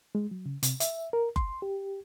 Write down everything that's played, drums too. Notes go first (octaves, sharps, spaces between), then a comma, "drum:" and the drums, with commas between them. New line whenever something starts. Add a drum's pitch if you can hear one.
G#3
F#3
C#3
C3, drum: hi-hat
E5, drum: hi-hat
A#4
C6, drum: kick F#1
G4